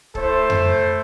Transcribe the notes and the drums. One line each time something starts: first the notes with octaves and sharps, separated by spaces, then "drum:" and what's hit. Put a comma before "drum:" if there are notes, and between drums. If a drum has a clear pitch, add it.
A3 E4 A4 C5, drum: kick C#1
drum: tom F2